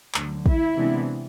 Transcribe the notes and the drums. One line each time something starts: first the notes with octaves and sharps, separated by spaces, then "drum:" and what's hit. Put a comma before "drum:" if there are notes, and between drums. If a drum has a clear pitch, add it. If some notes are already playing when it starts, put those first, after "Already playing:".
D2 D3 F#3, drum: clap
E4, drum: kick
C3 E3 G#3 B3 D4